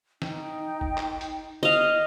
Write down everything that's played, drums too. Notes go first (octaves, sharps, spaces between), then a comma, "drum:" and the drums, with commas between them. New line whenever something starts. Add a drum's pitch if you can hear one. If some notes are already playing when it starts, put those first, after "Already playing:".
D#4 G5, drum: snare
drum: kick G#1
drum: clap
drum: hi-hat
D#5 F5